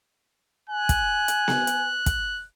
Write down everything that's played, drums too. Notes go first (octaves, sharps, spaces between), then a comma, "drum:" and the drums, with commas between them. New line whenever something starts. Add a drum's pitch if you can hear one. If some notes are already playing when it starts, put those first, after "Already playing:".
G#5 F#6
drum: kick, hi-hat
drum: hi-hat
drum: snare B3
drum: hi-hat
drum: kick, hi-hat